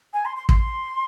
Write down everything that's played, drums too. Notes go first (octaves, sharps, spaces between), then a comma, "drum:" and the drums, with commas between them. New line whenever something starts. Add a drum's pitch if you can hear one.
G#5
C6
C6
C6, drum: kick